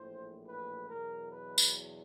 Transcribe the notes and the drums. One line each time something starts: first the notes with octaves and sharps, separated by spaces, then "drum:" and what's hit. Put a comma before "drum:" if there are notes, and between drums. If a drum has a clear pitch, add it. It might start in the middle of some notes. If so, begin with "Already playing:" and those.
Already playing: A#1 A2 E3 C5
B4
E2 B2 F#3 A#4
B4
drum: tambourine